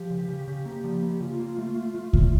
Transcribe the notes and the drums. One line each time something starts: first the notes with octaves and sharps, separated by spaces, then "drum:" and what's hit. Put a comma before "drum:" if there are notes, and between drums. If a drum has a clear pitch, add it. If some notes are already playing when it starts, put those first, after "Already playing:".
Already playing: F3 G4
C#3
C#3
C#3
A#3
F3
A#3
C#3 F4
A#3
A3
A3
A3
D3, drum: kick C#2